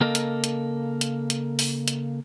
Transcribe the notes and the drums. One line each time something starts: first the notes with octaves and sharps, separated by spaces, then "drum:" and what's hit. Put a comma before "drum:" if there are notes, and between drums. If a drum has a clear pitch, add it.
C#3 A#3 A4 A#4 D#5
drum: hi-hat
drum: hi-hat
drum: hi-hat
drum: hi-hat
drum: open hi-hat
drum: hi-hat